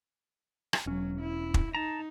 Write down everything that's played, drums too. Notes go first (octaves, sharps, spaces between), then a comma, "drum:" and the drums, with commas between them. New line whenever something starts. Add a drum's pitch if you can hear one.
drum: rim click
E1 F#3 C#4
E4
drum: kick
D#4 A5 A#5